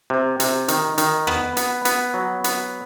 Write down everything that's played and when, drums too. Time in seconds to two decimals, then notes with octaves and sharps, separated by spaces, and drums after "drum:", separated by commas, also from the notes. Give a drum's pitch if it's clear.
0.10 C3
0.40 C3, drum: hi-hat
0.68 D#3, drum: hi-hat
0.98 D#3, drum: hi-hat
1.27 B3, drum: rim click
1.57 B3, drum: hi-hat
1.85 B3, drum: hi-hat
2.14 F#3
2.44 B3, drum: hi-hat